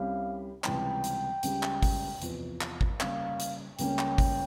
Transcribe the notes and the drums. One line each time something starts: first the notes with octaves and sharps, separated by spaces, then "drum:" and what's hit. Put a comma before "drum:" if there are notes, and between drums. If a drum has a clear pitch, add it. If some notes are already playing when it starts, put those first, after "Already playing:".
Already playing: C2 C3 G3 C#4 G4 F5
C#2 C3 E3 G3 G5, drum: clap
drum: hi-hat
C#2 C#3 G3 C#4 G4, drum: hi-hat
drum: clap
drum: kick G#1, open hi-hat
E2 C3 F3, drum: hi-hat
drum: clap
drum: kick G#1
C#3 G3 A#3 F5, drum: clap
drum: hi-hat
C#2 C#3 G3 A#3 C#4 G5, drum: hi-hat
drum: clap
drum: kick G#1, open hi-hat